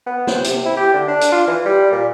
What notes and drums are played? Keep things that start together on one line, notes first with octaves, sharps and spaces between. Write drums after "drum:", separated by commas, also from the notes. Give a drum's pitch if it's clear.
B3
C5, drum: snare
C3, drum: hi-hat
E4
G4
D3
D4
drum: hi-hat
F4
E3
G3
A#2